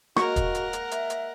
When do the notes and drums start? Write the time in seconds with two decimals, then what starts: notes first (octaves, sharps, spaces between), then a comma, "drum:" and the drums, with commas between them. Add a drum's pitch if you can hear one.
0.17 G#3 A#3 F#4 A#4 F#5 C#6, drum: rim click
0.36 drum: kick, hi-hat
0.55 drum: hi-hat
0.73 drum: hi-hat
0.91 E5, drum: hi-hat
1.10 drum: hi-hat